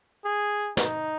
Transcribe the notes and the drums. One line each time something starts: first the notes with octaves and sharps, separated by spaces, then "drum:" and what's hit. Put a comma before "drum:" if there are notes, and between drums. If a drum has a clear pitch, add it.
G#4
D#4, drum: snare